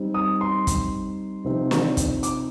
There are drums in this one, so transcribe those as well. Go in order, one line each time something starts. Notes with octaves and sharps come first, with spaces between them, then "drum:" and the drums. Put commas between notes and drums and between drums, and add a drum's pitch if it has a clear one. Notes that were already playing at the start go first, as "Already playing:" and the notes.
Already playing: G3 C4 D#4
D#6
C6
drum: kick, hi-hat
C3 F3 C4 D#4
drum: snare
drum: kick, hi-hat
D6, drum: hi-hat